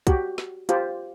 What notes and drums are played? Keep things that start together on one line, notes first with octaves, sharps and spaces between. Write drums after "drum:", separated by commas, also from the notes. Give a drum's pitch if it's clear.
F#4 G4, drum: kick, hi-hat
drum: snare
F4 G4 C5, drum: hi-hat